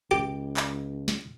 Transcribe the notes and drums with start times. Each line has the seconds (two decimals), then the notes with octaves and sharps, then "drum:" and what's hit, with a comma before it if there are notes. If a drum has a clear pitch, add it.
0.11 C#2 G4
0.57 drum: clap
1.08 drum: snare